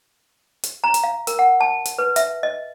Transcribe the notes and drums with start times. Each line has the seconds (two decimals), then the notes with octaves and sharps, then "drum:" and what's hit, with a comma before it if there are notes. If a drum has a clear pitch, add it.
0.64 drum: hi-hat
0.84 A#5
0.94 drum: hi-hat
1.04 F5
1.27 A#4, drum: hi-hat
1.39 F#5
1.61 A5
1.86 drum: hi-hat
1.98 B4
2.16 E5, drum: hi-hat
2.43 D#5